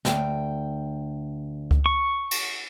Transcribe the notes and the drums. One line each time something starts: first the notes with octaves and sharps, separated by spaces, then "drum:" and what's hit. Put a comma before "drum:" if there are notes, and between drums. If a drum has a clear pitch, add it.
D2 G5, drum: snare
drum: kick C#2
C#6
drum: cymbal